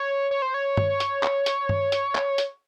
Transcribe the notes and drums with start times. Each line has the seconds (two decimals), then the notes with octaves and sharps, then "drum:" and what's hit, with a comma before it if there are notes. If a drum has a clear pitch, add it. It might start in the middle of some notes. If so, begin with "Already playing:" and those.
Already playing: C#5
0.31 C#5
0.42 C5
0.54 C#5
0.77 drum: tom
1.00 drum: hi-hat
1.23 drum: clap
1.46 drum: hi-hat
1.69 drum: tom G2
1.92 drum: hi-hat
2.15 drum: clap
2.38 drum: hi-hat